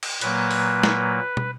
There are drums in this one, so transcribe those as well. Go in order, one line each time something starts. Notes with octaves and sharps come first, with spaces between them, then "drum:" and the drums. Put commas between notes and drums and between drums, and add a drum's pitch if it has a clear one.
drum: cymbal
A#2 F#3 A#3 B4, drum: hi-hat
drum: open hi-hat
drum: snare
drum: tom